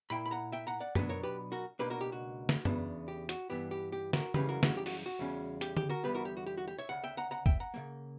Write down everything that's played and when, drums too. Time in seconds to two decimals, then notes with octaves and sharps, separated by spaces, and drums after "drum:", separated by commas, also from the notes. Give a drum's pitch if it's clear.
0.10 A#2 A#3 E4 G5 B5
0.26 B5
0.31 F#5 A#5
0.52 E5 G5
0.67 F#5 A#5
0.81 D5 F#5
0.95 B2 F#3 B3 D4 G4 B4, drum: tom F#2
1.09 A#4 C#5
1.23 G4 B4
1.52 F#4 A#4
1.79 C#2 B2 A#3 D4 G4 B4
1.90 F#4 A#4
2.01 G4
2.12 F#4
2.49 drum: snare
2.65 E2 C#3 F#3 B3 D4, drum: tom F#2
3.08 G4
3.29 F#4, drum: hi-hat
3.50 G2 E3 B3 G4
3.71 G4
3.92 G4
4.13 F#4 A#4, drum: snare
4.34 F#2 C#3 E3 G3 C#4 G4 B4, drum: tom C#3
4.49 F#4 A#4
4.63 F#4, drum: snare
4.77 G4
4.86 F#4, drum: open hi-hat
5.06 F#4
5.19 E2 C#3 G3 C#4
5.61 G4, drum: hi-hat
5.77 G4, drum: tom D3
5.89 F#4 A#4
6.04 E2 D3 G3 B3 G4 B4
6.15 F#4 A#4
6.25 G4
6.37 F#4
6.46 G4
6.58 F#4
6.68 G4
6.78 C#5 E5
6.89 D2 C#3 F#5
7.04 E5 G5
7.17 F#5 A#5
7.31 F#5 A#5
7.46 E5 G5, drum: kick
7.60 F#5 A#5
7.74 C#3 F#3 A#3